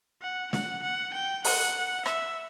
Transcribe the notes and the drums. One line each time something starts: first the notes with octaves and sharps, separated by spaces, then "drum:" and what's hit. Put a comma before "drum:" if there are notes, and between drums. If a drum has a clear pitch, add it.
F#5
F#5, drum: snare
F#5
G5
F#5, drum: open hi-hat
E5, drum: rim click